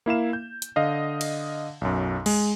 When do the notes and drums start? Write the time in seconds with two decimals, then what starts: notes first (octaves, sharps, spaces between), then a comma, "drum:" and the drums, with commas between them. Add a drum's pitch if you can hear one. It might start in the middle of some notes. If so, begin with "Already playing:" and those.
0.06 A#3 E4 F5 E7
0.33 G6
0.62 drum: hi-hat
0.76 D3 D#5 F5
1.21 drum: cymbal
1.81 B1 F#2
2.26 G#3, drum: cymbal